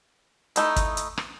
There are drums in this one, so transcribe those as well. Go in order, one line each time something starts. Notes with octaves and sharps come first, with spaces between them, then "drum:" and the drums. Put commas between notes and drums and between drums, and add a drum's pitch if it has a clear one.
A3 D#4 E4, drum: hi-hat
drum: kick, hi-hat
drum: hi-hat
drum: rim click